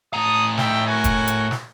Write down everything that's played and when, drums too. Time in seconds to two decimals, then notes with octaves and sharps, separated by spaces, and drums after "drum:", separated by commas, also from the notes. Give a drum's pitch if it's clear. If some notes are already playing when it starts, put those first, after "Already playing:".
0.14 A2 A5 A#5 D#6
0.58 D#4 E5 G5, drum: snare
0.87 F#4 A#4 G#5
1.04 drum: kick, hi-hat
1.28 drum: hi-hat
1.51 drum: snare